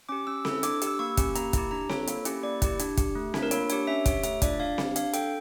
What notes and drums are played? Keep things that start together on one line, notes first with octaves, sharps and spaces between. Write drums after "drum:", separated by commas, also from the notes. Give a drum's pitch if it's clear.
C#4 G4 D6
C#4 E6
E4 A4 E6, drum: snare C4
D4 D6, drum: hi-hat
G4, drum: hi-hat
E6
A#3 C#6
C#4 G4, drum: kick, hi-hat
A#3 A#5, drum: hi-hat
E4 G4, drum: kick, hi-hat
D4 A#5
F4 A4 C#5, drum: snare C4
A#3, drum: hi-hat
C#4 E4 G4, drum: hi-hat
A#3 D5
E4 G4, drum: kick, hi-hat
D4, drum: hi-hat
G4, drum: kick, hi-hat
A3
D4 F4, drum: snare C4
A#4
A#3 C#5, drum: hi-hat
D4 G4 C#5, drum: hi-hat
C#4 E5
G4 C#5, drum: kick, hi-hat
A3 E5, drum: hi-hat
D4 F4 D5, drum: kick, hi-hat
D4 F5
G4, drum: snare C4
D4 F5, drum: hi-hat
A4 G5, drum: hi-hat